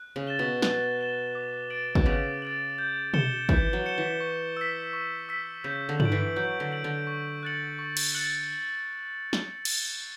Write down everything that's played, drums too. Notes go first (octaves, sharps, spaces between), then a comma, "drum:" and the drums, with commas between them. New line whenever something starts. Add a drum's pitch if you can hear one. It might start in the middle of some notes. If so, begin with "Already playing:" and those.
Already playing: F#6
C#3
A6 E7 G7
B2
F#6, drum: snare
A6 E7 G7
D6
A6 D7 F#7
B2, drum: kick
C#3 D6
A6 D7 F#7
G6
C#7 E7 G7, drum: tom B2
E3 G6, drum: kick
F#3
C#7 E7 G7
E3
C#6
E6 B6
C#6
E6 B6
C#3 G6
D3
F#7, drum: tom
D7
E3
F#3 G6
D3
D7 F#7
D3
C#6
F#6 A6 C#7 F#7
C#6
drum: cymbal
F#6 A6 C#7 F#7
drum: snare
drum: cymbal